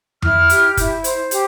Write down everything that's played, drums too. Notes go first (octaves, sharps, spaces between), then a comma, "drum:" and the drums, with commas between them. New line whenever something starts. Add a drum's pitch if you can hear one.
E4 F6, drum: tom F2
G4, drum: hi-hat
E4, drum: kick, hi-hat
C5, drum: hi-hat
G4, drum: hi-hat